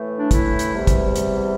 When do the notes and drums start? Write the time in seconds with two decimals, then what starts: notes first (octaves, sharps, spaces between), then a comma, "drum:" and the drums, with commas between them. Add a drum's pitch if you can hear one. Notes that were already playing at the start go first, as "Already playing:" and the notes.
Already playing: A2 E3 A3
0.17 D4
0.31 E4, drum: kick, hi-hat
0.59 drum: hi-hat
0.73 E2 C3 G3
0.87 drum: kick, hi-hat
1.16 drum: hi-hat